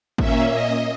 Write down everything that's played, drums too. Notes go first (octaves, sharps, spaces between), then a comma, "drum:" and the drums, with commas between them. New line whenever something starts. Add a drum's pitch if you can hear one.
A#2 A#3 C#4 E5, drum: kick G#1
D#5